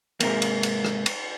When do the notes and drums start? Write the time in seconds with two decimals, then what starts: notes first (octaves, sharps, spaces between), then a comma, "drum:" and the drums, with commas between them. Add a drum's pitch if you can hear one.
0.20 G#2 C3 A#3, drum: cymbal
0.42 drum: cymbal
0.63 drum: cymbal
0.85 drum: rim click
1.06 drum: cymbal